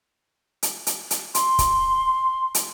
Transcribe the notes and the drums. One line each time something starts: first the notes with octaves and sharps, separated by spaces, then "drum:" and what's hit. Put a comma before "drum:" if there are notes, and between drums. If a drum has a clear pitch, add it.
drum: hi-hat
drum: hi-hat
drum: hi-hat
C6, drum: hi-hat
drum: kick, hi-hat
drum: hi-hat